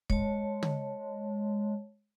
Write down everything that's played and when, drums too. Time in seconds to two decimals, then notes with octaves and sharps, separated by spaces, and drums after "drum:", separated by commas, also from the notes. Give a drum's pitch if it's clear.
0.10 G#3 C#5 A5, drum: kick
0.63 drum: tom